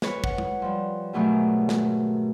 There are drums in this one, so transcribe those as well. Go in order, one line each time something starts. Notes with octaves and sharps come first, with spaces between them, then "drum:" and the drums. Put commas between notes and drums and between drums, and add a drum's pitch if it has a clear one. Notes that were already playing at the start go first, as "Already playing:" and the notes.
B4 C#5, drum: snare
F#5, drum: kick
drum: tom G#3
F3 G3
G#2 B2 D#3 F#3 A3 G4
drum: snare